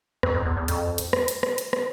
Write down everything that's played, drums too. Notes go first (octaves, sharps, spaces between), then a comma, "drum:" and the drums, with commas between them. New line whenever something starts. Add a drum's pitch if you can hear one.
F2, drum: rim click
F2
E2
E2
F2, drum: hi-hat
drum: hi-hat
drum: rim click
drum: hi-hat
drum: rim click
drum: hi-hat
drum: rim click